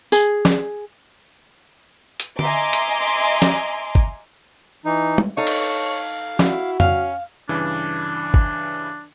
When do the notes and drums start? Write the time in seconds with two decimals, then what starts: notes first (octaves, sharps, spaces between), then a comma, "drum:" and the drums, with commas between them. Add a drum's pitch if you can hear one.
0.12 G#4, drum: tambourine
0.45 drum: snare
2.20 drum: hi-hat
2.39 D#5 E5 G#5 A#5 C6 D6, drum: tom D3
2.73 drum: hi-hat
3.42 drum: snare
3.95 drum: kick
4.85 E3 D#4
5.18 drum: tom
5.37 D#4 A4 C#5 F5
5.47 drum: cymbal
6.39 E4 F#4, drum: snare
6.80 C#4 F5, drum: tom F2
7.49 G2 C#3 E3 D4
8.34 drum: kick